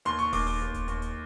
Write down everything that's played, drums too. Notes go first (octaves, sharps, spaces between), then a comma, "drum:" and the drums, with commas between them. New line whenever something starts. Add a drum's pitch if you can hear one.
D#2 C6, drum: hi-hat
C#6, drum: hi-hat
D#2 D6, drum: kick D#1, open hi-hat
D6, drum: hi-hat
D#2
drum: kick D#1, hi-hat
D#2, drum: hi-hat
drum: hi-hat